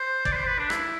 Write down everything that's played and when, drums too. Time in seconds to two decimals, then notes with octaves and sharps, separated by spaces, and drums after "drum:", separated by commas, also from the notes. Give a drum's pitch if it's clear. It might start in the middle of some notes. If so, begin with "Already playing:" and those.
Already playing: C5
0.25 D5, drum: kick
0.32 B4
0.36 C5
0.47 B4
0.59 D4
0.70 E4, drum: rim click